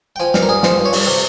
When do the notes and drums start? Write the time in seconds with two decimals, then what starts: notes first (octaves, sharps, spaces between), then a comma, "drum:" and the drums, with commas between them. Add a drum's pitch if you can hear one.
0.16 G5
0.20 F3 G#5
0.34 G2 F5, drum: snare
0.43 A#4
0.49 G2 G#4
0.63 F3 C5, drum: snare
0.78 G2
0.85 C#5
0.93 G2, drum: open hi-hat
1.07 C3